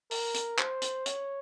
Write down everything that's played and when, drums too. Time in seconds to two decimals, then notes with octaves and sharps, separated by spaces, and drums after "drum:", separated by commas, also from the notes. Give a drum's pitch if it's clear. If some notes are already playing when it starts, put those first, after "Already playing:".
0.11 A#4, drum: open hi-hat
0.34 drum: hi-hat
0.59 C5, drum: clap
0.82 drum: hi-hat
1.06 C#5, drum: hi-hat